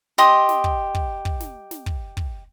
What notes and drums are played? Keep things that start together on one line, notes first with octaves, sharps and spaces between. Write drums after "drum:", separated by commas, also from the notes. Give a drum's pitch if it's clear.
G4 D#5 C6 D#6, drum: snare
drum: snare
drum: kick
drum: kick
drum: kick
drum: snare
drum: snare
drum: kick
drum: kick